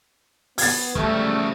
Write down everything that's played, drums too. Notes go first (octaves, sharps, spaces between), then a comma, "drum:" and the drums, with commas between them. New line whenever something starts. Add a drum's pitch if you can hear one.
B3 G#6 A6, drum: open hi-hat
C#3 F3 G3 A3, drum: kick